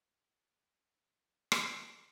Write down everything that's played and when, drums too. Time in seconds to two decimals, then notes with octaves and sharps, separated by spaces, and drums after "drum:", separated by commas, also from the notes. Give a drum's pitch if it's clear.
0.19 D#4
1.08 E4
1.52 drum: rim click